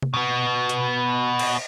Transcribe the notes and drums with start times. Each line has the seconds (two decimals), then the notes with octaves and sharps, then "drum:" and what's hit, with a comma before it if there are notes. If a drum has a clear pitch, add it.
0.02 drum: tom C3
0.14 B2 B3
0.69 drum: hi-hat
1.39 drum: cymbal